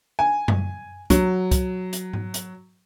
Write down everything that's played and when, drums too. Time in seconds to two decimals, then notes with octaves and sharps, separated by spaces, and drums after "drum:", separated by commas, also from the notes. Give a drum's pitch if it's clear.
0.19 G#5
0.48 drum: tom F#2
1.10 F#3, drum: kick C2, hi-hat
1.51 drum: kick C2, hi-hat
1.93 drum: hi-hat
2.13 drum: tom G#2
2.34 drum: hi-hat